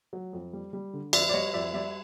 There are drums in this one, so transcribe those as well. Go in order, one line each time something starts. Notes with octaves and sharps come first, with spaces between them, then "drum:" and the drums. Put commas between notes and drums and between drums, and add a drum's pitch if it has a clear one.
F#3
F2
G3
G3
D3
F2 D5 E5, drum: cymbal
D5
G3 C#5 D#5
F2 D5 E5
G3 D5 E5